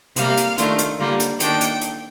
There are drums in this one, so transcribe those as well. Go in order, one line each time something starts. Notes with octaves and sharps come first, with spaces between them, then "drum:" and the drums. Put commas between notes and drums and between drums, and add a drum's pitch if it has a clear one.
C3 G3 A#3 F5, drum: hi-hat
drum: hi-hat
D#3 A3 D4 F4, drum: hi-hat
drum: hi-hat
D3 G3 A#3 F4
drum: hi-hat
D#3 A#3 D4 G5, drum: hi-hat
drum: hi-hat
drum: hi-hat